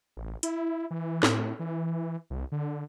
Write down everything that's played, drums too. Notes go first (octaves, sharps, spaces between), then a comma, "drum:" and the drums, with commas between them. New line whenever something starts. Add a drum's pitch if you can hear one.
A1
E4, drum: hi-hat
E3
A2, drum: snare
E3
C2
D3